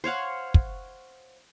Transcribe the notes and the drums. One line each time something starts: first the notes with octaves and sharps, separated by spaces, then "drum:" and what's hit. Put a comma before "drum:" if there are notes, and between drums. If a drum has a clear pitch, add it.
C5 C#5 F5 F#5
drum: kick